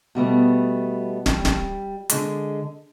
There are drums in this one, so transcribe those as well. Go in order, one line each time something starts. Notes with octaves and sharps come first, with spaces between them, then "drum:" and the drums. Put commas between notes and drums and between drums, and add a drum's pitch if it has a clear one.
B2 G3 A3 B3
G3, drum: snare
drum: snare
D3 G#3, drum: hi-hat